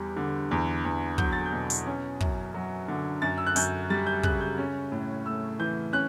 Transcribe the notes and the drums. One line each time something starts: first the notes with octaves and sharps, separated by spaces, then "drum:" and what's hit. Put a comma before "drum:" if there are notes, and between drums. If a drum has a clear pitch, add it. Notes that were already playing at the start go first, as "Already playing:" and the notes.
Already playing: E2 G3
D3
E2
E2
F#3 G6, drum: kick
A6
G6
B2
drum: hi-hat
C#4
F#2, drum: kick
F#3
D3
F#2 A6
E6
F#6
F#2 G6, drum: hi-hat
G3 A6
G6
C#3 F#6, drum: kick
G6
C#4
A2
A3 E6
E3 G6
C#4 F#6